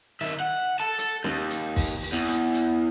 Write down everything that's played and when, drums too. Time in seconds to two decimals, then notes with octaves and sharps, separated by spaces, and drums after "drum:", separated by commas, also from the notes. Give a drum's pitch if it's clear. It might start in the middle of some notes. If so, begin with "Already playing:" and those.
0.21 D#3 E5
0.40 F#5
0.80 A4 A5
0.98 drum: hi-hat
1.24 D#2, drum: snare
1.50 drum: hi-hat
1.76 drum: kick, open hi-hat
2.02 drum: open hi-hat
2.12 E2
2.28 drum: hi-hat
2.54 drum: hi-hat